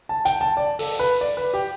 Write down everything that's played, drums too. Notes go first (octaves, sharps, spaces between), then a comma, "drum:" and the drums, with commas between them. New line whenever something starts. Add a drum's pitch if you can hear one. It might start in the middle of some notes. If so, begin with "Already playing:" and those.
A5
G5, drum: hi-hat
A5
D5
A4, drum: open hi-hat
B4
D5
B4
G4